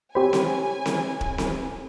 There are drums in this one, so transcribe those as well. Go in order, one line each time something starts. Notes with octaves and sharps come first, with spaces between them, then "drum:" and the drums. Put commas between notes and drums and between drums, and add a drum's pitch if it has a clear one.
C4 G4 C5 C#5 G#5 B5
drum: snare C4
drum: snare C4
drum: kick D1
drum: snare C4